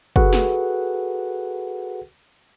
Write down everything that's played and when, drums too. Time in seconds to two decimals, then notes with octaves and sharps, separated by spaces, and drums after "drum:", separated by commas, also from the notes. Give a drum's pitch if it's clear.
0.16 F#4 G#4 A4 B4 F#5, drum: kick F#1
0.33 drum: snare